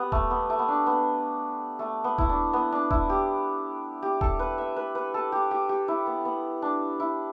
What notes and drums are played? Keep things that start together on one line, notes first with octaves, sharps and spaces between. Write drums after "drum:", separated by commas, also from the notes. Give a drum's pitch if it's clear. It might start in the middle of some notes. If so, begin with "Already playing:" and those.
Already playing: B3 G4
A3, drum: kick D#1
B3
A3
B3
D4
B3
A3
B3
E4, drum: kick D#1
D4
B3
D4
E4, drum: kick D#1
G4
G4
A4, drum: kick D#1
B4
E5
B4
B4
A4
G4
G4
G4
E4
B3
B3
D4
E4